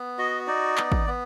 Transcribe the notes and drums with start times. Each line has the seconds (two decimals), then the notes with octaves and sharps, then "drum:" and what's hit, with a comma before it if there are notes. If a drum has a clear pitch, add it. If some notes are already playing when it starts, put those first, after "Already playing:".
Already playing: B3
0.18 F#4 D#5
0.47 D#4 D5
0.78 B3, drum: clap
0.92 drum: kick
1.07 B3